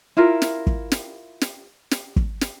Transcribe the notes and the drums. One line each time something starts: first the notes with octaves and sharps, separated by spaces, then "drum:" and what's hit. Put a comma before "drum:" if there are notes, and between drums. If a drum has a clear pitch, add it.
E4 F4 A#4
drum: snare
drum: kick
drum: snare
drum: snare
drum: snare
drum: kick
drum: snare